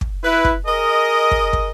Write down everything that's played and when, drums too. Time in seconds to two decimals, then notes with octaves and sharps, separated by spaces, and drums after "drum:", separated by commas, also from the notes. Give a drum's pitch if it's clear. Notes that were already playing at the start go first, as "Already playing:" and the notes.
0.01 drum: kick
0.24 E4 B4
0.45 drum: kick
0.66 G#4 A#4 D#5
1.31 drum: kick
1.53 drum: kick